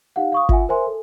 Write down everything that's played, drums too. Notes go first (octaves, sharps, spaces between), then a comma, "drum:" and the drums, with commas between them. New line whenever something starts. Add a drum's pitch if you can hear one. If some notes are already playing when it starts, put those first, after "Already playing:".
D#4 G4 F5 F#5
F5 C#6 D#6
F4 E5 F#5 G#5, drum: kick G1
A#4 C5 E5 G#5 C6
A4